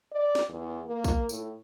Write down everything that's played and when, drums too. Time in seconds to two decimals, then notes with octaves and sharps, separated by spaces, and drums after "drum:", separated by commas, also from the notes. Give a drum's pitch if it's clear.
0.12 D5
0.35 drum: snare
0.49 E2
0.86 A#3
1.04 drum: kick, tambourine
1.29 A2, drum: tambourine